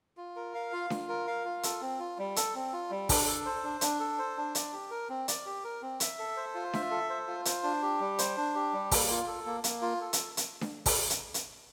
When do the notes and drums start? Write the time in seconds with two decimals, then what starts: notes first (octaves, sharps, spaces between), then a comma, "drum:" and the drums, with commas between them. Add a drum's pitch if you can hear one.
0.17 F4
0.36 A#4
0.55 F5
0.72 F4
0.90 F4, drum: snare D4
1.09 A#4
1.27 F5
1.45 F4
1.63 A4, drum: hi-hat
1.81 C4
2.00 F4
2.18 G3
2.36 A4, drum: hi-hat
2.55 C4
2.73 F4
2.90 G3
3.09 D4, drum: kick, open hi-hat
3.27 A4
3.46 C5
3.63 D4
3.81 D4, drum: hi-hat
4.00 A4
4.19 C5
4.37 D4
4.55 D5, drum: hi-hat
4.73 G4
4.91 A#4
5.09 C4
5.28 D5, drum: hi-hat
5.46 G4
5.64 A#4
5.82 C4
6.00 E5, drum: hi-hat
6.19 A4
6.37 C5
6.54 F4
6.73 E5, drum: snare D4
6.91 A4
7.09 C5
7.27 F4
7.45 C5, drum: hi-hat
7.63 D4
7.82 G4
8.00 G3
8.19 C5, drum: hi-hat
8.37 D4
8.55 G4
8.73 G3
8.91 A#3, drum: kick, open hi-hat
9.10 F4
9.27 A4
9.46 A#3
9.64 A#3, drum: hi-hat
9.82 F4
10.01 A4
10.13 drum: hi-hat
10.37 drum: hi-hat
10.61 drum: snare D4
10.86 drum: kick, open hi-hat
11.10 drum: hi-hat
11.34 drum: hi-hat